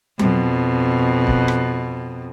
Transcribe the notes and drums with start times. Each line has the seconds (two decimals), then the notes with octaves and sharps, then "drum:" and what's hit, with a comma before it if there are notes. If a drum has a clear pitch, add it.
0.19 F2 B2, drum: tom F#3
1.27 drum: kick
1.48 drum: rim click